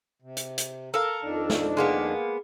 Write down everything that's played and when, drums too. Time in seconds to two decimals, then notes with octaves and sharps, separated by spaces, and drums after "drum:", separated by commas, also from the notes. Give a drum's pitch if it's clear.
0.22 C3
0.37 drum: hi-hat
0.58 drum: hi-hat
0.94 A4 A#4 F5 A#5
1.21 F2 D#3 D4
1.50 drum: snare
1.77 G#3 A#3 B3